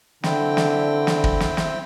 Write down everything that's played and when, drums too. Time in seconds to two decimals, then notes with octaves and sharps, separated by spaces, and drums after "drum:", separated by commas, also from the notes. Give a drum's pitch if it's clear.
0.24 D3 C4 E4 G5, drum: snare
0.57 drum: snare
1.07 drum: snare
1.24 drum: kick
1.40 drum: snare
1.57 drum: snare